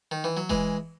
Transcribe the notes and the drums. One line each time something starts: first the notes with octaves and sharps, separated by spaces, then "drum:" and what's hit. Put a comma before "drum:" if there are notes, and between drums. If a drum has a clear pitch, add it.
D#3
E3
F#3
E3 G#3, drum: kick F1